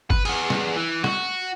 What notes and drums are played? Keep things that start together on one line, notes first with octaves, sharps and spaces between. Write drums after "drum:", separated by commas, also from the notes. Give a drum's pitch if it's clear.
B4, drum: kick
B3 G#4, drum: cymbal
drum: snare
E3
F#4, drum: snare